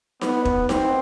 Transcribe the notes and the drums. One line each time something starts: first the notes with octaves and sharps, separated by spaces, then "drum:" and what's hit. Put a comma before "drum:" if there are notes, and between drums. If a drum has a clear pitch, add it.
B3, drum: snare D#4
drum: kick E1
C4, drum: snare D#4